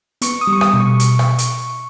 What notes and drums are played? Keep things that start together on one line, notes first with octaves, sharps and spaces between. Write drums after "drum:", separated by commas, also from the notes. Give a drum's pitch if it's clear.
B3 C#6, drum: hi-hat
D#6
G3
C#6
D#6, drum: rim click
B2
C#6
drum: hi-hat
drum: rim click
drum: hi-hat